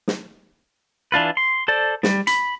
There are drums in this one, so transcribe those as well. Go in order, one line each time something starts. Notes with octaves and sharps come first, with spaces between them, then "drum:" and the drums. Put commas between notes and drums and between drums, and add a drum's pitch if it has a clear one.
drum: snare
E3 D4 F4 B4
C6
A4 C5 D5
G3, drum: snare
B5, drum: hi-hat